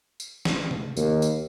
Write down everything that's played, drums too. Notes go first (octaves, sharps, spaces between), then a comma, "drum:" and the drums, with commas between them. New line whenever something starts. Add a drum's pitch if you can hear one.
drum: tambourine
drum: snare
drum: tom C3
D#2, drum: tambourine
drum: tambourine